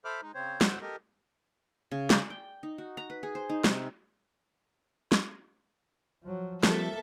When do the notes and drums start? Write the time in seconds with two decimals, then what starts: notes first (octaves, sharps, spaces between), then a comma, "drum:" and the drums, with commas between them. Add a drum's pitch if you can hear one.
0.05 A4 C5 E5 B5 D6 F6
0.22 G#3 D#4
0.34 C#3 C4 C5 C#5
0.61 D2 A2 C5 F#5 E6, drum: snare
0.82 G4 A4 A#4 D#5
1.91 C#3
2.10 D5, drum: snare
2.30 G5
2.63 D#4
2.78 F#4
2.97 A#5
3.10 B4
3.23 G#4
3.35 C5
3.50 D#4
3.64 C3, drum: snare
5.12 drum: snare
6.23 F3 F#3
6.63 F3 G3 A#3 C4 A4 E5, drum: snare